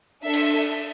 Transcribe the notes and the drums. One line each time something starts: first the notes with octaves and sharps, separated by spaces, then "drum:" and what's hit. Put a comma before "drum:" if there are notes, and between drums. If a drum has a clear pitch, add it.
D4 A4 E5
drum: cymbal